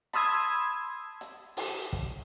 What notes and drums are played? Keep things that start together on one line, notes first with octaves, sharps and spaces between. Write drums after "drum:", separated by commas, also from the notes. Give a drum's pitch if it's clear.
A5 B5 C6 D#6 E6 G#6, drum: hi-hat
drum: hi-hat
drum: open hi-hat
drum: kick, hi-hat